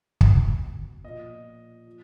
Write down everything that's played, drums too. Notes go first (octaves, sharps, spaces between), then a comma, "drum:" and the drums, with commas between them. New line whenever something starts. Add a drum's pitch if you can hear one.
B2, drum: kick
A#2 F3 D#5
F3